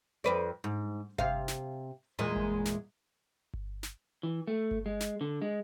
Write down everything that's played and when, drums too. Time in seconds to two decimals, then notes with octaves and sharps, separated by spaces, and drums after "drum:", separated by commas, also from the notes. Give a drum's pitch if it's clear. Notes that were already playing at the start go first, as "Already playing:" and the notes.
0.24 F2 B4 D5
0.64 G#2
1.19 C3 F5, drum: kick G1
1.48 drum: snare
2.19 E2 A#2 G#3
2.36 drum: kick G1
2.65 drum: snare
3.54 drum: kick G1
3.83 drum: snare
4.23 E3
4.48 A3
4.71 drum: kick G1
4.86 G#3
5.00 drum: snare
5.21 D3
5.42 G#3